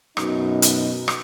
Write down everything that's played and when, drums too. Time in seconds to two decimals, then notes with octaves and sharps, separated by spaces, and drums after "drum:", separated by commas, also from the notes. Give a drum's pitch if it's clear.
0.17 F#2 B2 D#4, drum: rim click
0.62 drum: hi-hat
1.08 drum: rim click